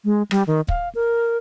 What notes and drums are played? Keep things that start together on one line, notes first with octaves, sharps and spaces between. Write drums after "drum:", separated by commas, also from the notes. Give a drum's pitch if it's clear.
G#3
G3, drum: rim click
D#3
F5, drum: kick
A#4